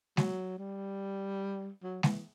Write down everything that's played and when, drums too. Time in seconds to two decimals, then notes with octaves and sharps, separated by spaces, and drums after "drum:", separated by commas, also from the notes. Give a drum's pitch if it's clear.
0.17 F#3, drum: snare G#3
0.58 G3
1.83 F#3
2.03 E3, drum: snare G#3